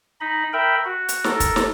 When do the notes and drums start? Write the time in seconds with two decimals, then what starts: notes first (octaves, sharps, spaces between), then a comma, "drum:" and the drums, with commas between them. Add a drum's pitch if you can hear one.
0.21 D#4 D#5 B5
0.53 A#4 E5 G5 B5
0.85 F#4
1.09 drum: hi-hat
1.24 A4 A#4, drum: snare
1.40 drum: kick, hi-hat
1.56 drum: snare